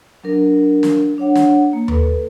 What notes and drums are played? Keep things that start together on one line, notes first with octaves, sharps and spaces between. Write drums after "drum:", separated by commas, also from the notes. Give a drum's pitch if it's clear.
F#3 D4 A#4
drum: snare
D4 C#5 F#5
drum: snare
A#3
A4 B4, drum: tom D#2